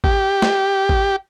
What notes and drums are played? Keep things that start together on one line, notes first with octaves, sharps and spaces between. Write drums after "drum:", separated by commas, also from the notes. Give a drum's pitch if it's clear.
G4, drum: kick G#1
drum: snare
drum: kick G#1